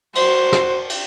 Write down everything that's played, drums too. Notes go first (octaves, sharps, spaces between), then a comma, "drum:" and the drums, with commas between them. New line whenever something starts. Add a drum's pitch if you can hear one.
F#4 C5, drum: cymbal
drum: snare
drum: cymbal